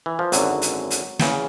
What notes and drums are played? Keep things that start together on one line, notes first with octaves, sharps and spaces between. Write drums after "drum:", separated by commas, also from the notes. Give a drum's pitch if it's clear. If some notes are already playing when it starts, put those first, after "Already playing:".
E3
F3
G#1 F#2 D3 F#3, drum: hi-hat
drum: hi-hat
drum: hi-hat
E2 C#3 E3, drum: snare